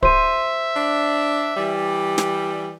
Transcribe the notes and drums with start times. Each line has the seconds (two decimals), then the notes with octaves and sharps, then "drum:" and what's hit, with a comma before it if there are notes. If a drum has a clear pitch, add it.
0.03 C5 E5 D#7, drum: kick D1
0.75 D4
1.57 E3 G3
2.18 drum: snare